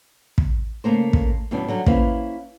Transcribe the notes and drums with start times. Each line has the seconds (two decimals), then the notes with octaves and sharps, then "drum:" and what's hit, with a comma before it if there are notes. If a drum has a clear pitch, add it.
0.38 drum: kick
0.84 C#3 A3 A#3 C5
1.13 drum: kick
1.51 G2 B2 E3 C#4 D4
1.68 D3 F#3 G3
1.86 A#3 C#4 E4 B4 C5 F5, drum: kick